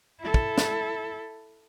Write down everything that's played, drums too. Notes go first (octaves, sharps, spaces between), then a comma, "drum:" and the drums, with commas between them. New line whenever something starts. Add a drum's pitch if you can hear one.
E4 A4
drum: kick
drum: snare